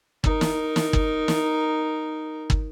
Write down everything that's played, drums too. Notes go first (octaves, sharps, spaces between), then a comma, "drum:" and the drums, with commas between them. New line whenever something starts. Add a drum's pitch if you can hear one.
D#4 A#4, drum: kick
drum: snare
drum: snare
drum: kick
drum: snare
drum: kick